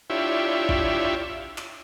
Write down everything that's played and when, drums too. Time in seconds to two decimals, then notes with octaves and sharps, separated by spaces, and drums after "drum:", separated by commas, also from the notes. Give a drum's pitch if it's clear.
0.10 D4 E4 F4 G4 C#5 E5
0.69 drum: kick
1.58 drum: clap